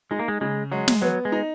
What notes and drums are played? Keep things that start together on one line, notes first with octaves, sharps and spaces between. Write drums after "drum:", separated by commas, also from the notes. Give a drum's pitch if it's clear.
G#3 D#4
A#3
G#3
C#3 G#3
F#3 G#3
drum: snare
F#3 B3
G#3
D#4